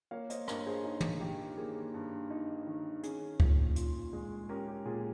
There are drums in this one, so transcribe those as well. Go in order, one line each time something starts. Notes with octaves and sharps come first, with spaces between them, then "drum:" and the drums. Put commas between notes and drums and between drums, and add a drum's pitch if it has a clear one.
A#3 C#5 F5
C5 D#5, drum: hi-hat
G2 A#4 C#5, drum: rim click
G#4 C5
D#4 G#4
drum: tom
D#3 G4
A#3 G#4
G2
D#4
D#3
C#4 G#4, drum: hi-hat
A#2, drum: kick C#2
F4, drum: hi-hat
G#3
C#4 G4 A#4
G4
A#2 G#4